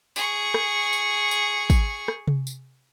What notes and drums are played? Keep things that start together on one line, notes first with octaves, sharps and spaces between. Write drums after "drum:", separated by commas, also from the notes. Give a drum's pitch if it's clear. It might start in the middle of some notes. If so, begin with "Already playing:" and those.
G#4 C#6, drum: tambourine
drum: rim click
drum: tambourine
drum: tambourine
drum: kick, tambourine
drum: rim click
drum: tom C3
drum: tambourine